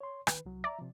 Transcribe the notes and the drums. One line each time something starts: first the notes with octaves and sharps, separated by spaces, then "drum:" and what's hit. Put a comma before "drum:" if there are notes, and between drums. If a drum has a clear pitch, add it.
C#5 C6
D#3 B4, drum: rim click
C2 F#3
D5 E5 A#5
C3 F3